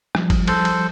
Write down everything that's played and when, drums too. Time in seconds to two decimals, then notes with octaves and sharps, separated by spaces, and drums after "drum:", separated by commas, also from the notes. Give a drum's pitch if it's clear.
0.15 F3 G3, drum: rim click
0.30 drum: kick G1, cymbal
0.48 A4 C5, drum: cymbal
0.65 drum: cymbal